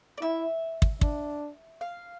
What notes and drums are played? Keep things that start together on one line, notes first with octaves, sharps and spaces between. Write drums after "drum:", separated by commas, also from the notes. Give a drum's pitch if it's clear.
D5
E4 E5
drum: kick
D4, drum: kick
F5